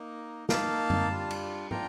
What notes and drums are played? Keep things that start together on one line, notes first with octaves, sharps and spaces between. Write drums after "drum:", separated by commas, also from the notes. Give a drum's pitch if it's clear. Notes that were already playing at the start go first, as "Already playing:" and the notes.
Already playing: A#3 D#4
A#3 D#4 F5 A5, drum: snare
drum: tom F#2
G3 D4 F4
drum: cymbal
D4 F4 G5 A#5, drum: tom